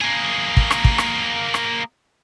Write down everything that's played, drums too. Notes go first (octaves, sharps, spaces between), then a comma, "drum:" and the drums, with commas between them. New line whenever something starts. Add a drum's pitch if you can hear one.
A#3 G#4
drum: kick
drum: rim click
drum: kick
drum: rim click
drum: rim click